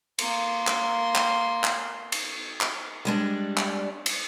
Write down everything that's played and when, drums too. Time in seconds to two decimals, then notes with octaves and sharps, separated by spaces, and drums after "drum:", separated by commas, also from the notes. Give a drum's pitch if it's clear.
0.19 A#3 C6, drum: cymbal
0.67 drum: clap
1.15 drum: clap
1.64 drum: clap
2.12 drum: cymbal
2.61 drum: clap
3.05 G3 G#3 D4
3.57 drum: clap
4.06 drum: cymbal